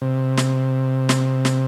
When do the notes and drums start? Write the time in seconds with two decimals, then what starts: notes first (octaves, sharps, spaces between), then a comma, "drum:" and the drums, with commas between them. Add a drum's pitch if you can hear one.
0.02 C3
0.37 drum: snare
1.09 drum: snare
1.45 drum: snare